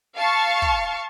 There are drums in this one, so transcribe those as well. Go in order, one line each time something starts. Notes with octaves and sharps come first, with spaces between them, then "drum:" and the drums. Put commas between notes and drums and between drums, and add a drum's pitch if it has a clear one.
F5 A5 C#6
drum: kick